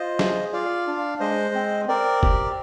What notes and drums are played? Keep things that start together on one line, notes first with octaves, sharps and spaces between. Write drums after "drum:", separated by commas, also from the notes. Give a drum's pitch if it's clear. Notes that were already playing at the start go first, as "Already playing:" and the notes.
Already playing: F4 C5 D#5
G#4, drum: snare
F4 D5 F5
D4
G#3 C5 D#5
C4
C4 A#4 D5
G4, drum: kick F1